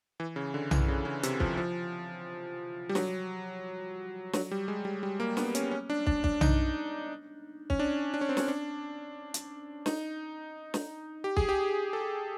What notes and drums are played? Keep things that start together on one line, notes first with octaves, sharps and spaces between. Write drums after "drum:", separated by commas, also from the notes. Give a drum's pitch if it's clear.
E3
C#3
D3
E3, drum: tom B1
C#3
C#3
C3, drum: hi-hat
F3, drum: kick
F3
G3
F#3, drum: snare
F#3, drum: snare
G3
G#3
G3
G3
A#3
B3, drum: snare
C#4, drum: hi-hat
C#4
D4
D4, drum: kick
D4, drum: kick
D#4, drum: tom B1
C#4, drum: kick
D4
D4
C#4
C4
C#4, drum: snare
D4
drum: hi-hat
D#4, drum: snare
drum: snare
G4
G#4, drum: kick
G4
A4